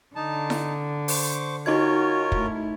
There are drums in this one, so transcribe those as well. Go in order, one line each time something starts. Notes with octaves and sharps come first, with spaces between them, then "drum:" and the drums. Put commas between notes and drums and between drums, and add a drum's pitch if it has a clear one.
D3 D#4 A5
drum: snare E4
C5 C#6 D6, drum: open hi-hat
D#4 F4 F#4 A#4 C#5 D#5 G#6
A3 E4, drum: kick